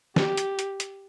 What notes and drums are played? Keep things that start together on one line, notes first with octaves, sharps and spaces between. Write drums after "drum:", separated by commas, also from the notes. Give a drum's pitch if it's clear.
G4, drum: snare
drum: hi-hat
drum: hi-hat
drum: hi-hat